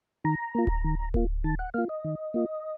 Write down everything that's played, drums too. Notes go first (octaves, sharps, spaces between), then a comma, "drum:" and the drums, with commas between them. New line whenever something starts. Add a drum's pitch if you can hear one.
D#3 A#5
A#3 F4
drum: kick D1
D#3
A#3 F4, drum: kick D1
D#3 A5
F#5
A#3 F4 F5
D#5
D#3
A#3 F4